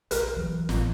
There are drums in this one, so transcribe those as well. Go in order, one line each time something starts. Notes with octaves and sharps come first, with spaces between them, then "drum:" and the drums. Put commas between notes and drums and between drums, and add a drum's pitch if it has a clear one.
B1 A#4 B4, drum: hi-hat
E3 F#3
A1, drum: snare